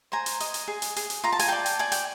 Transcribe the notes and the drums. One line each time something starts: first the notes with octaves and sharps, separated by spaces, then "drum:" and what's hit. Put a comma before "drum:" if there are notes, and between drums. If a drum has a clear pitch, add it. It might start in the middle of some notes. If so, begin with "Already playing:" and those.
C5 G#5 A#5
drum: hi-hat
D#5, drum: hi-hat
drum: hi-hat
G#4
drum: hi-hat
G#4, drum: hi-hat
drum: hi-hat
F4 A#5
A5
G#5, drum: hi-hat
D5 G5 A5
drum: hi-hat
D5 G#5
G5, drum: hi-hat